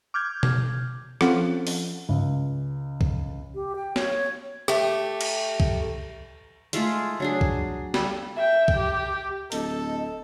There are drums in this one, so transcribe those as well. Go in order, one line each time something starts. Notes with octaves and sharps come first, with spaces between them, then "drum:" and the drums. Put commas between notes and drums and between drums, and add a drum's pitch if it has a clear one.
D6 F6 G6 G#6
drum: tom B2
F3 C4 C#4 F4 A4 F#5, drum: rim click
drum: open hi-hat
C#2
drum: kick B1
G4
G5
C#5, drum: snare
A3 G4, drum: rim click
drum: cymbal
drum: kick B1
G#3 A3 F4 G#4, drum: hi-hat
F#3 D4 G#4
drum: kick B1
G3 A4, drum: snare
E5 G5
drum: kick B1
G4
D1 A4 D#5, drum: hi-hat